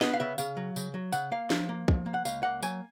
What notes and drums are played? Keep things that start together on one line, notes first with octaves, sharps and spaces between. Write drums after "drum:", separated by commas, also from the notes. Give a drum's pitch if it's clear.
B3 D#5, drum: snare
F5
C#3 E5
C#3 F5, drum: tambourine
F#3
C#3, drum: tambourine
F#3
C#3 F#5, drum: tambourine
A#3 F5
F3, drum: snare
A#3
F3, drum: kick
A#3
F#5
C#2 F5, drum: tambourine
A#3 F#5
F#3 G#5, drum: tambourine